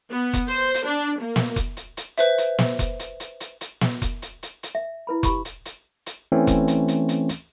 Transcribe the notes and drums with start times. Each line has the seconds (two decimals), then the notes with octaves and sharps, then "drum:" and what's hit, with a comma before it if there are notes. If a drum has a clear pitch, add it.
0.11 B3
0.33 drum: kick F1, hi-hat
0.49 C5
0.74 drum: hi-hat
0.87 D4
1.22 A#3
1.36 drum: snare
1.56 drum: kick F1, hi-hat
1.77 drum: hi-hat
1.97 drum: hi-hat
2.18 B4 C5 E5, drum: hi-hat
2.38 drum: hi-hat
2.58 drum: snare
2.79 drum: kick F1, hi-hat
2.99 drum: hi-hat
3.20 drum: hi-hat
3.40 drum: hi-hat
3.61 drum: hi-hat
3.81 drum: snare
4.02 drum: kick F1, hi-hat
4.22 drum: hi-hat
4.43 drum: hi-hat
4.63 drum: hi-hat
4.75 E5
5.07 E4 B4 B5
5.23 G4 B5 C#6, drum: kick F1, hi-hat
5.45 drum: hi-hat
5.65 drum: hi-hat
6.06 drum: hi-hat
6.32 E3 A3 C4 C#4
6.47 drum: kick F1, hi-hat
6.68 drum: hi-hat
6.88 drum: hi-hat
7.09 drum: hi-hat
7.29 drum: hi-hat